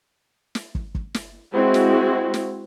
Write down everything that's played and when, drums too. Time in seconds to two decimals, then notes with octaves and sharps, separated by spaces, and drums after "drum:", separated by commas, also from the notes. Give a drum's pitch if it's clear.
0.55 drum: snare
0.75 drum: kick
0.95 drum: kick
1.14 drum: snare
1.54 G#3 C4 E4 F#4
1.74 drum: snare
2.34 drum: snare